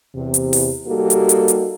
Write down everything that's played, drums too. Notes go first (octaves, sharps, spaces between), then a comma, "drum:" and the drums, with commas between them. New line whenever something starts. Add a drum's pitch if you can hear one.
E2 C3
drum: hi-hat
drum: open hi-hat
G3 A#3 D#4 F#4 G4 A4
drum: hi-hat
drum: hi-hat
drum: hi-hat